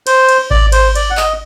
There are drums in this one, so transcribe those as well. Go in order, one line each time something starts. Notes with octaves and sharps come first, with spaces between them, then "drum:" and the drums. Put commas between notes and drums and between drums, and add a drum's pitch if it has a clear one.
C5, drum: cymbal
drum: cymbal
D5, drum: kick G#1
C5, drum: cymbal
D5, drum: cymbal
F#5
D#5, drum: clap